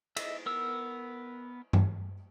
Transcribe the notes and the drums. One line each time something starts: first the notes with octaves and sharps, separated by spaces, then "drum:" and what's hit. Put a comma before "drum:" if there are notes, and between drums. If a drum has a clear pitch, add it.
D#5 E5, drum: cymbal
B3 A#4 E6
drum: tom G2